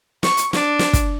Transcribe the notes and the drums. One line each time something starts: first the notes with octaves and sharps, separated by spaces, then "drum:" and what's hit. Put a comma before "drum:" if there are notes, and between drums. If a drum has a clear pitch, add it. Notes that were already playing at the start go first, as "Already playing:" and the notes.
C#6, drum: snare
drum: hi-hat
D4, drum: snare
drum: snare
drum: kick, hi-hat